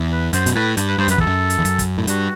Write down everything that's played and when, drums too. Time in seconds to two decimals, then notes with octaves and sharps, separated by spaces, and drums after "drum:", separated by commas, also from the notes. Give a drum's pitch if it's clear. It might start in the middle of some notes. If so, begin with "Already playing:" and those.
Already playing: E2
0.12 B4
0.33 F#2 C5, drum: hi-hat
0.46 B2, drum: hi-hat
0.55 A2 B4
0.77 G2, drum: hi-hat
0.88 B4
0.98 G2 C5
1.08 F#2 B4, drum: hi-hat
1.18 E2 A4, drum: kick
1.27 F#2
1.50 drum: hi-hat
1.59 E2
1.65 F#2, drum: hi-hat
1.79 drum: kick, hi-hat
1.98 A2
2.07 G2 F#4, drum: hi-hat